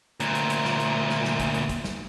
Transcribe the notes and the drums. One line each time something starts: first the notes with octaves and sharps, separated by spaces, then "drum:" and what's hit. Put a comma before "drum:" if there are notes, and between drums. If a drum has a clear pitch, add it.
D2 A#2, drum: hi-hat
drum: hi-hat
drum: hi-hat
drum: snare
drum: hi-hat
drum: snare
drum: snare
drum: kick, hi-hat
drum: hi-hat
drum: kick, hi-hat
drum: snare